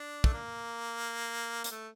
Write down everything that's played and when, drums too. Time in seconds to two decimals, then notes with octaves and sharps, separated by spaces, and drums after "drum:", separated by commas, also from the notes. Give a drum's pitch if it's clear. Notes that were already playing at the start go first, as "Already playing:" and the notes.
Already playing: D4
0.24 A3, drum: kick
0.33 A#3
1.64 A#3, drum: hi-hat
1.71 A3